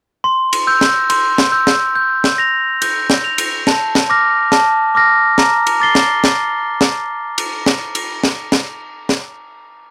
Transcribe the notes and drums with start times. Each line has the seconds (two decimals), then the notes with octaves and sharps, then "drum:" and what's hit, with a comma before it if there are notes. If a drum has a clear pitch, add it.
0.24 C6
0.53 drum: cymbal
0.67 E6 G6
0.81 drum: snare
1.10 C6, drum: cymbal
1.38 drum: snare
1.52 E6 G6
1.67 drum: snare
1.96 G6
2.24 drum: snare
2.38 A#6 F7
2.82 G6, drum: cymbal
3.10 drum: snare
3.24 A#6 F7
3.38 drum: cymbal
3.67 A5, drum: snare
3.95 drum: snare
4.10 D6 F6 A#6
4.52 A5, drum: snare
4.95 D6 F6 A#6
5.38 A#5, drum: snare
5.67 drum: cymbal
5.80 D6 A6 C7 G7
5.95 drum: snare
6.24 drum: snare
6.81 drum: snare
7.38 drum: cymbal
7.66 drum: snare
7.95 drum: cymbal
8.24 drum: snare
8.52 drum: snare
9.09 drum: snare